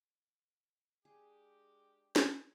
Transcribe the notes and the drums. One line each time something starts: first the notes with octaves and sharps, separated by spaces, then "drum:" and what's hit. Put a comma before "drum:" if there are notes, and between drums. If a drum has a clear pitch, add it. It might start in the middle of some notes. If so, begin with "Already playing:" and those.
G#3 D4 G4 G#4
drum: snare